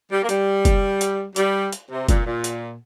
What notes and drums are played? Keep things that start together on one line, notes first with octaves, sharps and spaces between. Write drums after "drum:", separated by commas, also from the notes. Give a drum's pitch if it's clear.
G3
A#3
G3, drum: hi-hat
drum: kick, hi-hat
drum: hi-hat
G3, drum: hi-hat
drum: hi-hat
C3
A#2, drum: kick, hi-hat
A#2
drum: hi-hat